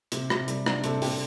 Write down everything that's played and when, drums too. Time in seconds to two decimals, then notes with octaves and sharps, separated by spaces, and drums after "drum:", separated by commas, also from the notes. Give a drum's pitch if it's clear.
0.12 C3, drum: hi-hat
0.30 C3, drum: rim click
0.48 G3, drum: hi-hat
0.66 D4, drum: rim click
0.84 C3 A4, drum: hi-hat
1.02 C3 G4, drum: open hi-hat